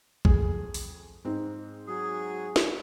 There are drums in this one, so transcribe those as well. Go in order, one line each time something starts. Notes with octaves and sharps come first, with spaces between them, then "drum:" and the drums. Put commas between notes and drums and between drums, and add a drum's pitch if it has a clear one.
F2 G#4, drum: kick A#1
drum: open hi-hat
G#2 C4 D#4
F#3 F#4 G#4
drum: snare